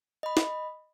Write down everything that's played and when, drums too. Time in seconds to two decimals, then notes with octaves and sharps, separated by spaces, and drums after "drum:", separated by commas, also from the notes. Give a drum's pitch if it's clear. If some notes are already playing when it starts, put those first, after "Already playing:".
0.23 D#5 B5
0.37 drum: snare